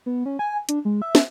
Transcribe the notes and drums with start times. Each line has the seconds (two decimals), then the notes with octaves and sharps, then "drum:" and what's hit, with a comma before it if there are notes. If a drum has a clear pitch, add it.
0.06 B3
0.26 C#4
0.39 G#5
0.69 D4, drum: hi-hat
0.85 G#3
1.02 E5
1.15 drum: snare